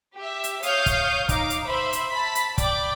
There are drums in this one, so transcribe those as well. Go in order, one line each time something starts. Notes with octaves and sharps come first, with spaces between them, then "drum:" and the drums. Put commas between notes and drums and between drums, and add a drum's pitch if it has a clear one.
G4 E5
drum: hi-hat
C#5 F5 D#6 F6 G6, drum: hi-hat
drum: kick, hi-hat
D#4 F5 D6, drum: kick, hi-hat
drum: hi-hat
C5 E5 B5
drum: hi-hat
A5 B5 B6
drum: hi-hat
D5 G5 D6, drum: kick, hi-hat